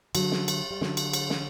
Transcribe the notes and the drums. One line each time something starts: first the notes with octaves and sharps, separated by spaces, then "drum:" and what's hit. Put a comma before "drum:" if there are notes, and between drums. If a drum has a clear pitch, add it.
D3 F#3, drum: cymbal
drum: snare
drum: cymbal
G3
D3 F#3, drum: snare
drum: cymbal
drum: cymbal
drum: snare